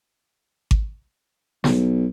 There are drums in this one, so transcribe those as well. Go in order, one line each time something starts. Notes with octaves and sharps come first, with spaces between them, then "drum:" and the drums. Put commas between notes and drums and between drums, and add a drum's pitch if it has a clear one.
drum: kick G#1
B1, drum: snare